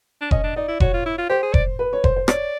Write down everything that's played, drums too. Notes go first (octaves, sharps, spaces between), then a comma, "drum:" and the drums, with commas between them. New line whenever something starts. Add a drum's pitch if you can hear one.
D4
C#4 D#5, drum: kick F1
D4
D#4 D5
E4
F#4 C#5, drum: kick F1
F4
E4
F4
G4 C5
G#4
D5, drum: kick F1
B4
C#5
C5, drum: kick F1
C5
C#5 D5, drum: rim click